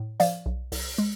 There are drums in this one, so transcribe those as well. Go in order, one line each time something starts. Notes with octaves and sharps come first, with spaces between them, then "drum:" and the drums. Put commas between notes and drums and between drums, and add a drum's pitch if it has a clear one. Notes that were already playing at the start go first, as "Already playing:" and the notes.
Already playing: A2
F3 D5 F5, drum: hi-hat
B1
C2, drum: open hi-hat
G#3